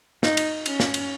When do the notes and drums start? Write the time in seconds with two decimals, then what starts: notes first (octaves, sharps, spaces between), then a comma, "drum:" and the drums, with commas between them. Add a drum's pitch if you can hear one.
0.23 D#4, drum: snare
0.37 drum: cymbal
0.66 C#4, drum: cymbal
0.80 drum: snare
0.94 drum: cymbal